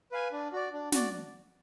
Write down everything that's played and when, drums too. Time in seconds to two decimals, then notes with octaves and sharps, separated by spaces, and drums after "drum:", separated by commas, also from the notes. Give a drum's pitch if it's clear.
0.12 B4 F5 G#5
0.32 D4
0.53 F#4 D5
0.73 D4
0.92 F#4 D5, drum: snare